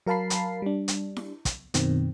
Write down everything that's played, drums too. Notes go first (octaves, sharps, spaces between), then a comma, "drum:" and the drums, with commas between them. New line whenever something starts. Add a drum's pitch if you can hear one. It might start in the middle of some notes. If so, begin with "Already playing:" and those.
F#3 A#4 F5 A5 B5 C7
drum: hi-hat
G3 D4
drum: hi-hat
drum: snare E4
drum: kick, hi-hat
F#2 B2 D#3 C4, drum: hi-hat